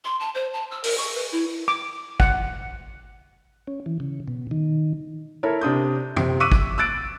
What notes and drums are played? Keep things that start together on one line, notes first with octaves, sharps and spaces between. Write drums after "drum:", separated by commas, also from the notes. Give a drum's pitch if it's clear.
C6
A5
C5
A5
E6
A#4, drum: open hi-hat
C#6
B4
E4
D6
F#5, drum: kick
C#4
E3
C#3
B2
D#3
E4 A4 A#4 C#5
C3 D4 D#6 G6
C3, drum: tom
C#6 D6 E6 F#6 B6 D#7
drum: kick
E6 F#6 A6 D7